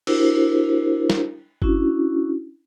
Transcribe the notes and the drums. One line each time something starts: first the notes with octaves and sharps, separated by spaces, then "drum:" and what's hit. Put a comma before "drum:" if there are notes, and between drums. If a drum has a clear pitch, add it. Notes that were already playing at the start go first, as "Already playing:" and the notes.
D4 E4 F#4 G4 A#4 C5, drum: cymbal
drum: snare
C#4 D4 E4 F#4, drum: kick G1